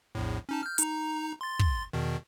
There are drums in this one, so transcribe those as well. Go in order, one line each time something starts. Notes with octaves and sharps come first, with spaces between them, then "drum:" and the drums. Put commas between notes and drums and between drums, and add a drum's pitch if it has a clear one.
A#1 E2 A2
C#4 D#4 A5
F6 G6
D#4 A#5, drum: hi-hat
C6 A6
drum: kick
E2 B2 D#3